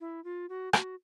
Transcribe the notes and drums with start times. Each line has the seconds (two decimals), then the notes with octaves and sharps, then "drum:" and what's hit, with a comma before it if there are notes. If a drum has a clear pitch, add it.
0.01 E4
0.24 F4
0.49 F#4
0.73 F#4, drum: rim click